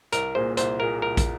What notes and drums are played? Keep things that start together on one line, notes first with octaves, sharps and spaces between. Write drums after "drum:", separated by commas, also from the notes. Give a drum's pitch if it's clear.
C2 A#4, drum: hi-hat
A#2 A#3 G#4 C5
C2 C5, drum: hi-hat
A#2 A#3 G#4 A#4
C2 A#4
drum: kick, hi-hat